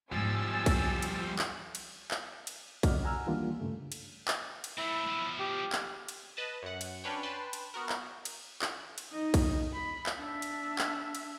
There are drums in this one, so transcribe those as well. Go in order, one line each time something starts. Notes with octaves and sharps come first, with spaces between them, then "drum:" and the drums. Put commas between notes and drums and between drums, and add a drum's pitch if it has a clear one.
G#2 F3 G3 B3 G#5 E6 A6
drum: kick B1, cymbal
drum: cymbal
drum: clap
drum: cymbal
drum: clap
drum: cymbal
C#3 F#4 D5 D#5 F#5 F6, drum: kick B1, cymbal
F#5 G#5 A#5 E6 F6
D#3 E3 G3 A#3 D4 F4
G2 C#3 A3
drum: cymbal
drum: clap
drum: cymbal
A3 C4 E4
B2 F3
G4
drum: clap
drum: cymbal
B4 D#5 A5
F#2 F#5
drum: cymbal
C#4 D4 B4 C#5 G5
B4 G5 A5 C6
drum: cymbal
B3 F#4 A#4
drum: clap
drum: cymbal
drum: clap
drum: cymbal
D#4 D#5
drum: kick B1, cymbal
B5
drum: clap
D4 E5
drum: cymbal
drum: clap
drum: cymbal